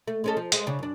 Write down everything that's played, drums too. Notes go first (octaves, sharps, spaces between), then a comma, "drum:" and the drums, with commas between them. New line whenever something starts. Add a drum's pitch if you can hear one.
A3
G#3 C#4 A4
F3
G#3, drum: hi-hat
C#3 D4
F#2 D4